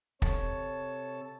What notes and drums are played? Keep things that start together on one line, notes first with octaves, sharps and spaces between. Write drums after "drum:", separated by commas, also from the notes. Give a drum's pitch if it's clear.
C3 A4 C#5 A5, drum: kick